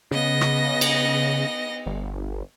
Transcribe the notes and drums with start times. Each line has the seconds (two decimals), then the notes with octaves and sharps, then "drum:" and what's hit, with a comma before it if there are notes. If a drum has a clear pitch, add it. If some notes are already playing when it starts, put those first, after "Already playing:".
0.11 C#3 B3 D#5 A#6
0.41 drum: rim click
0.81 drum: cymbal
1.86 G1